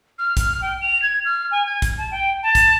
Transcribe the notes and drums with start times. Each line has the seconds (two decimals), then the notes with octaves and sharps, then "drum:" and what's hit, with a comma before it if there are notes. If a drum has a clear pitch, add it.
0.19 F6
0.37 drum: kick, hi-hat
0.62 G5
0.81 F7
1.02 G#6
1.25 F6
1.51 G#5
1.66 G#6
1.82 drum: kick, hi-hat
1.98 A5
2.11 G5
2.43 A5
2.55 drum: kick, hi-hat